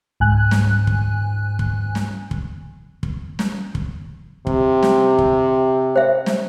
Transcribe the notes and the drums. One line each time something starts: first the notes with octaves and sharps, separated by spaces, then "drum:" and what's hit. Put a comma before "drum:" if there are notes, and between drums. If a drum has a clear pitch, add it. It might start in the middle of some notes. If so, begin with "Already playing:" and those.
C#2 G#2 G#5 F#6
drum: snare
drum: kick
drum: kick
drum: snare
drum: kick
drum: kick
drum: snare
drum: kick
C3, drum: kick
drum: snare
drum: kick
C5 E5
drum: snare